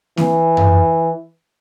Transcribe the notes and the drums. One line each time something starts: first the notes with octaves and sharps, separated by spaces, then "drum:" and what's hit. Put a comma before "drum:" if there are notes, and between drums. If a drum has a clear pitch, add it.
E3, drum: snare A#3
drum: tom F#2